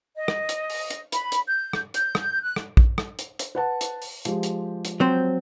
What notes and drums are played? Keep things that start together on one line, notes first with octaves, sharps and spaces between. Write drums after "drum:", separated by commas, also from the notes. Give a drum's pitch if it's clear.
D#5
drum: rim click
drum: hi-hat
drum: open hi-hat
drum: hi-hat
B5, drum: hi-hat
drum: hi-hat
G6
drum: rim click
G6, drum: hi-hat
drum: rim click
F#6
drum: rim click
drum: kick A#1
drum: rim click
drum: hi-hat
drum: hi-hat
B4 F#5 A5
drum: hi-hat
drum: open hi-hat
F3 G#3 G4, drum: hi-hat
drum: hi-hat
drum: hi-hat
F#3 C4 C5